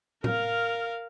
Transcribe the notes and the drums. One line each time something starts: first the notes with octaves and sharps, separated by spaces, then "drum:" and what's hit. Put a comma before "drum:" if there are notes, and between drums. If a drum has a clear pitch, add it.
A#4 F5, drum: tom A2